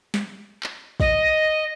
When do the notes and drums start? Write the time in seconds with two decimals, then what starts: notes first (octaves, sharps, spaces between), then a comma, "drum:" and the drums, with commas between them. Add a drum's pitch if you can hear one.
0.14 drum: snare
0.63 drum: clap
1.00 D#5, drum: kick